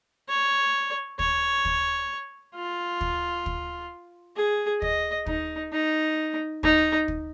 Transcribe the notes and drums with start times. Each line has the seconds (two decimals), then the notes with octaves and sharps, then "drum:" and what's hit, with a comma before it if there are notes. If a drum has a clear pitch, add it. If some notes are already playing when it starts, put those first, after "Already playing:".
0.29 C#5
1.19 C#5, drum: kick
1.65 drum: kick
2.56 F4
3.01 drum: kick
3.46 drum: kick
4.37 G#4
4.82 D#5, drum: kick
5.26 D#4, drum: kick
5.72 D#4
6.63 D#4, drum: kick
7.08 drum: kick